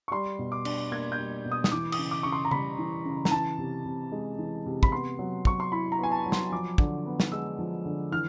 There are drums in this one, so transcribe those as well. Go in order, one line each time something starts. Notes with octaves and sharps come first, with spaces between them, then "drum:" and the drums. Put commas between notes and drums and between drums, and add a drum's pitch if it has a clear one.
C#6
G3 C6
B2
D6
D4, drum: cymbal
A#3 G#6
G6
G3
B2
D#6
D#6, drum: snare
E3 D6
D#6, drum: cymbal
C#3
D6
C#3 C#6
C6
A#5
G3 B5, drum: tom C#3
E3
C#3
A#5, drum: snare
E3 A5
C3
C3
G#3
E3
C3
B5, drum: kick
B3 C6
F#3
F#3 C#6, drum: kick
C6
E4 B5
A#5
B3 G#5
A5
F#3
C6, drum: snare
F3 D6
D3, drum: kick
B3
drum: snare
G#3 E6
F3
D3
E3 F6